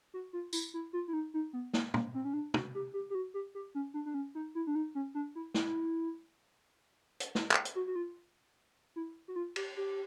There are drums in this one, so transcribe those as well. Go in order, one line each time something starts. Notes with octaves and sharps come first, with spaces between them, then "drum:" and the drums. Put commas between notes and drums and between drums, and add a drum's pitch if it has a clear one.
F#4
F4
E4, drum: tambourine
E4
F4
E4
D#4
D#4
B3
A#3, drum: snare
A#3, drum: tom
C4
C#4
D4
F#4, drum: tom
G4
G4
G4
F#4
G4
G4
C#4
D4
D4
C#4
D#4
E4
D4
D#4
C#4
D4
E4
E4, drum: snare
drum: hi-hat
E4, drum: snare
drum: clap
drum: hi-hat
F#4
F#4
F4
E4
F#4
F4
G4, drum: cymbal
G4